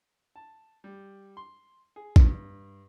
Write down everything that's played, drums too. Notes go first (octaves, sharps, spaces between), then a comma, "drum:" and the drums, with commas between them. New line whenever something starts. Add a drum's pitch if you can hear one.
A5
G3
C6
G#4
G2, drum: kick